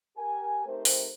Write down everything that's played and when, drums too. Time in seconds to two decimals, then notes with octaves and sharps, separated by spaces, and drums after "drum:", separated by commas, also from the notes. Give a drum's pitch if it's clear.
0.17 G4 A#4 G#5
0.66 A3 C4 D#4 G4 A#4 C5
0.85 drum: open hi-hat